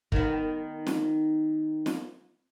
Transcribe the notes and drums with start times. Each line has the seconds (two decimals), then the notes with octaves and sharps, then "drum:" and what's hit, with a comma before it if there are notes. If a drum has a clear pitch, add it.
0.12 D#3 B3, drum: kick
0.86 drum: snare
1.86 drum: snare